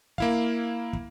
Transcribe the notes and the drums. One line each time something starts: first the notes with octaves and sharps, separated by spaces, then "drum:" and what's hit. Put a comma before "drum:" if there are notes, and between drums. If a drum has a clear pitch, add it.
A#3 E4 F5, drum: kick
drum: kick